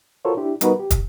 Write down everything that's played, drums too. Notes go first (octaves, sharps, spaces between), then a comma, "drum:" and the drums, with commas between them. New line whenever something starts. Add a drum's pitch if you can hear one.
F4 F#4 A4 A#4 C5 C#5
D4 E4 G4
G3 B3 D#4 F#4 A#4 B4, drum: hi-hat
G4
drum: kick, hi-hat